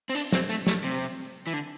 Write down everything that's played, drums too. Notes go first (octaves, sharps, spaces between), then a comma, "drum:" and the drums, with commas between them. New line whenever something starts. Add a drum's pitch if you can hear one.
C4
D4, drum: open hi-hat
C4, drum: snare
A3
A3, drum: snare
C3
E3
D3